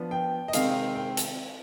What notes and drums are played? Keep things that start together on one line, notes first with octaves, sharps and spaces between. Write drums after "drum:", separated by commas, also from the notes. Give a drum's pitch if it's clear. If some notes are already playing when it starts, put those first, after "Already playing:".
Already playing: F3 B3 D4
G5
D#5
C3 D#3 G#3 C4 F5, drum: hi-hat
G5
drum: hi-hat